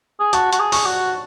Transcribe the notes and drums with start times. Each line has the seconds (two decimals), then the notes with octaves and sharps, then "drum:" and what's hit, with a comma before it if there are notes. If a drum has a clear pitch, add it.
0.20 G#4
0.33 F#4 A5, drum: hi-hat
0.52 F#4, drum: hi-hat
0.59 G#4
0.72 C#6, drum: open hi-hat
0.85 F#4